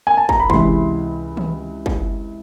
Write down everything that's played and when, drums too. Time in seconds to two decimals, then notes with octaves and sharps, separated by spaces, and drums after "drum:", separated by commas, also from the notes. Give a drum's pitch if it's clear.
0.07 G#5
0.17 A5
0.29 A#5, drum: kick
0.40 B5
0.50 C#2 C3 E3 C6, drum: kick
1.37 drum: tom D#3
1.86 drum: kick